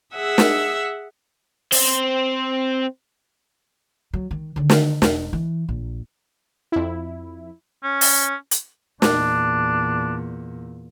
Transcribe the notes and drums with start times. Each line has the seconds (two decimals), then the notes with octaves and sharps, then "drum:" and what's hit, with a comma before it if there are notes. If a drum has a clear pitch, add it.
0.14 G#4 E5 F#5 E6
0.38 drum: snare
1.72 C4 C5, drum: open hi-hat
4.14 F#3
4.31 D#3
4.56 D3 D#3
4.70 drum: snare
5.02 E1, drum: snare
5.33 E3
5.69 A#1
6.72 F2 E4
7.84 C#4
8.01 drum: open hi-hat
8.51 drum: hi-hat
9.02 E2 A#2 D4, drum: snare